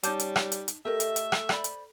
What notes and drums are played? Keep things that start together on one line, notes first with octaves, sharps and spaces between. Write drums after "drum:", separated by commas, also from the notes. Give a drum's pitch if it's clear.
G3 C#4 D#4 A5 D6 G6, drum: hi-hat
drum: hi-hat
drum: rim click
drum: hi-hat
drum: hi-hat
A3 G4 A4 A#4 D#5 E5
drum: hi-hat
drum: hi-hat
drum: rim click
C5 D5 B5, drum: rim click
drum: hi-hat